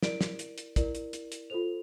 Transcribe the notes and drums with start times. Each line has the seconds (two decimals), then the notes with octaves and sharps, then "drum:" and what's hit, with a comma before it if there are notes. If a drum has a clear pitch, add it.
0.03 E4 A#4 D5 D7, drum: snare
0.21 drum: snare
0.39 drum: hi-hat
0.58 drum: hi-hat
0.76 E4 A#4 D5, drum: kick, hi-hat
0.95 drum: hi-hat
1.13 drum: hi-hat
1.32 drum: hi-hat
1.50 F4 A4 C5 F7